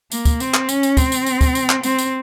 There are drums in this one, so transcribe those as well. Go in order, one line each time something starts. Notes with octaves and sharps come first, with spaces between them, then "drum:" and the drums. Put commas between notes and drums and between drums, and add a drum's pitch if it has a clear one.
A#3, drum: tambourine
drum: kick, tambourine
C4, drum: tambourine
drum: clap
C#4, drum: tambourine
drum: tambourine
C4, drum: kick, tambourine
drum: tambourine
drum: tambourine
drum: kick, tambourine
drum: tambourine
drum: clap
C4, drum: tambourine
drum: tambourine